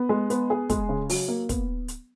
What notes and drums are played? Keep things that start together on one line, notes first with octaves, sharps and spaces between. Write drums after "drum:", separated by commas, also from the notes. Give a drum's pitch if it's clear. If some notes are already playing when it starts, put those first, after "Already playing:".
Already playing: B3
G#3
B3, drum: hi-hat
G#4
G#3, drum: kick, hi-hat
C#3
F#3, drum: open hi-hat
A#3
B3, drum: kick, hi-hat
drum: hi-hat